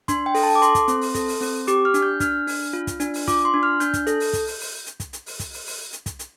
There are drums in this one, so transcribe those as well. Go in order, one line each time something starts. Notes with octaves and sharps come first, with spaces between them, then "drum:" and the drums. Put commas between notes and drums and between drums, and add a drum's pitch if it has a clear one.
D4 C6, drum: kick, hi-hat
G5
A4, drum: open hi-hat
A5
D6
A4 C6, drum: hi-hat
drum: kick, hi-hat
C4, drum: hi-hat
drum: open hi-hat
A4, drum: kick, hi-hat
drum: open hi-hat
C4, drum: open hi-hat
G4 D6, drum: hi-hat
F6
D4, drum: hi-hat
G6
D4 F6, drum: kick, hi-hat
D4, drum: open hi-hat
F4
drum: kick, hi-hat
D4, drum: hi-hat
drum: open hi-hat
F4 D6, drum: kick, hi-hat
C6
D4
F6
D4 G6, drum: hi-hat
drum: kick, hi-hat
A4, drum: hi-hat
drum: open hi-hat
drum: kick, hi-hat
drum: open hi-hat
drum: open hi-hat
drum: hi-hat
drum: kick, hi-hat
drum: hi-hat
drum: open hi-hat
drum: kick, hi-hat
drum: open hi-hat
drum: open hi-hat
drum: hi-hat
drum: kick, hi-hat
drum: hi-hat